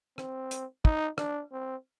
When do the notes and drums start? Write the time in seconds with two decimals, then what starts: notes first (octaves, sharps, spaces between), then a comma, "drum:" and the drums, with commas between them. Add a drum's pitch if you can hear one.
0.18 C4, drum: rim click
0.51 drum: hi-hat
0.85 D#4, drum: kick
1.18 D4, drum: rim click
1.52 C4